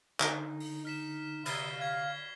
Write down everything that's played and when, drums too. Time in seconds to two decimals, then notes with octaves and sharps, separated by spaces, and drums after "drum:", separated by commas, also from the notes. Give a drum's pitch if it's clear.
0.20 D3 D#4, drum: clap
0.60 drum: open hi-hat
0.85 D#4 F6 B6 E7
1.45 C3 B3 D#4 E4 F6 C7 G7, drum: cymbal
1.80 F5 F6 G#6 B6